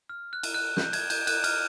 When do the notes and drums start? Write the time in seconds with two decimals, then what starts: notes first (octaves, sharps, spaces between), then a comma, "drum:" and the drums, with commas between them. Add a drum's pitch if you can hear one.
0.09 F6
0.33 F#6
0.43 drum: cymbal
0.54 F#6
0.77 G6, drum: snare
0.93 G#6, drum: cymbal
1.10 G6, drum: cymbal
1.27 F#6, drum: cymbal
1.44 F6, drum: cymbal